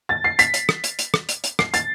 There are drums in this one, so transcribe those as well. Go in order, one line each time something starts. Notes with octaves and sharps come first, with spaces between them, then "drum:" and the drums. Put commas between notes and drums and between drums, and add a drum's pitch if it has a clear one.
A6
C7
B6, drum: hi-hat
drum: hi-hat
drum: rim click
drum: hi-hat
drum: hi-hat
drum: rim click
drum: hi-hat
drum: hi-hat
C7, drum: rim click
A6, drum: hi-hat